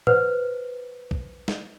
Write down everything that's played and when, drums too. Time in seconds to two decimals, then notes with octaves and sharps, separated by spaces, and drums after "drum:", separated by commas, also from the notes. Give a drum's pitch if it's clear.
0.07 B4 C5, drum: tom A2
1.11 drum: kick B1
1.48 drum: snare